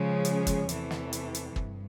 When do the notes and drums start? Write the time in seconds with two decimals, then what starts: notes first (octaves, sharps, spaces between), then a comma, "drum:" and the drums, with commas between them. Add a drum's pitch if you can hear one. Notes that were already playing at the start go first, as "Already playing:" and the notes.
Already playing: C#3 F3 G#3 C#4
0.25 drum: hi-hat
0.47 drum: kick, hi-hat
0.69 E2 C3 E3 A3, drum: hi-hat
0.91 drum: snare
1.13 drum: hi-hat
1.35 drum: hi-hat
1.56 G2, drum: kick